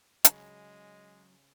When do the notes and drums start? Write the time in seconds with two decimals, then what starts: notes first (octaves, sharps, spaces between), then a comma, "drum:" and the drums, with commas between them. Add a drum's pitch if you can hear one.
0.25 C#3 F#3 G#3 D#5, drum: hi-hat